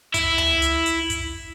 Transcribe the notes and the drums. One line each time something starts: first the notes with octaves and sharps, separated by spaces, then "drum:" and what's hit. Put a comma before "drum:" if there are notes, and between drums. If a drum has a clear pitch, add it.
E4, drum: kick, hi-hat
drum: tom
drum: hi-hat
drum: hi-hat
drum: kick, hi-hat